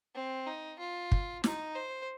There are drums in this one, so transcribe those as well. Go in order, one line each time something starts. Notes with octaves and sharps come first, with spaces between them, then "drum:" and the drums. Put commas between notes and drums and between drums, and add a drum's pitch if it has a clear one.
C4
D#4
F4
drum: kick
D#4, drum: snare
C5